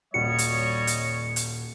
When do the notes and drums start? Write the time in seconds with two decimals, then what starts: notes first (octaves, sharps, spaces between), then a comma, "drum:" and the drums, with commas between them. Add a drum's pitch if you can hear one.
0.14 D#1 G3 F#4 C#5 D#5 C#7
0.38 drum: hi-hat
0.87 drum: hi-hat
1.36 drum: hi-hat